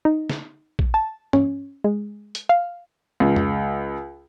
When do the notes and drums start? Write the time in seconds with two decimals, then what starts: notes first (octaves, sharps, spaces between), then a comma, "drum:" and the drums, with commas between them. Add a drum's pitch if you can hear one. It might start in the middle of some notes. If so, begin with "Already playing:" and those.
0.05 D#4
0.30 drum: snare
0.79 drum: kick
0.94 A5
1.33 C#4, drum: tom
1.84 G#3
2.35 drum: hi-hat
2.49 F5
3.20 C#2
3.36 drum: tom